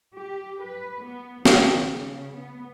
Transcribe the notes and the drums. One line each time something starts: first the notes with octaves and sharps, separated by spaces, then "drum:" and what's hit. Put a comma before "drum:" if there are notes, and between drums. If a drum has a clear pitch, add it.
G4
B4
B3
D#3, drum: snare
C#3
B3